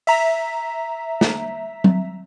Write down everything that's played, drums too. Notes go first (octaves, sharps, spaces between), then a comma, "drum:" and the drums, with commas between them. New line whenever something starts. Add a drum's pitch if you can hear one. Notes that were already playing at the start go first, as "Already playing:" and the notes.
E5 A#5 B6, drum: open hi-hat
drum: snare
drum: tom F#3